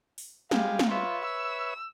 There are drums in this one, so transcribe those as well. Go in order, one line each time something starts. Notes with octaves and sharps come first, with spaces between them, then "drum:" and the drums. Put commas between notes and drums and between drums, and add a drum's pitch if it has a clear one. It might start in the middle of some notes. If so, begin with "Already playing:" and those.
drum: open hi-hat
G3 G#3 F5, drum: snare
drum: snare
F4 B4 C#5 E5
E6